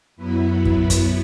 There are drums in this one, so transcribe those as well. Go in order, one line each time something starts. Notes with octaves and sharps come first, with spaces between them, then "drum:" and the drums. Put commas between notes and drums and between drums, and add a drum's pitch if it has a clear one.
F#2 F#3 B3 E4 B4
drum: kick
drum: kick, hi-hat